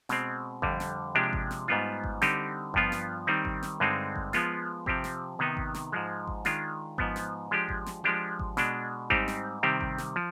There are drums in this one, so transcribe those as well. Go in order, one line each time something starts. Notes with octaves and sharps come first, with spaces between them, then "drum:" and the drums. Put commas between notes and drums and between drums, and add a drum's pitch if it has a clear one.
B2 G#3 C4, drum: snare
F2 D3 G3, drum: kick G#1
drum: snare
C3 F3 G#3 D4 G4
drum: kick G#1
drum: snare
G#2 G3 B3 F4
drum: kick G#1
D3 G3 C4 D#4 G4, drum: snare
G2 F3 B3 F4, drum: kick G#1
drum: snare
D#3 G3 C4 D#4
drum: kick G#1
drum: snare
G2 D3 G#3 C4 D#4
drum: kick G#1
F3 G#3 B3 F4, drum: snare
C3 F3 C4 G4, drum: kick G#1
drum: snare
C3 D#3 B3 D#4
drum: kick G#1
drum: snare
G#2 F3 G#3
drum: kick G#1
D#3 G#3 D4 F4, drum: snare
G#2 F3 B3, drum: kick G#1
drum: snare
F3 G#3 D4 G4
drum: kick G#1
drum: snare
F3 G#3 D4 G4
drum: kick G#1
B2 G#3 D4, drum: snare
G#2 G3 C4 D#4 G4, drum: kick G#1
drum: snare
C3 D#3 G3 C4 G4
drum: kick G#1
drum: snare
F3